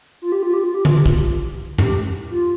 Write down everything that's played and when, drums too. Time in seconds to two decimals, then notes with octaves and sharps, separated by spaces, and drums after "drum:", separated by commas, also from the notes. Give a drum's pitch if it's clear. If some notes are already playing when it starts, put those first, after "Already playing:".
0.22 F4
0.32 G4
0.43 F4
0.53 G4
0.64 F4
0.74 G4
0.85 F4, drum: tom D3
0.95 G4
1.06 F4, drum: kick
1.78 G4, drum: tom F#2
2.30 F4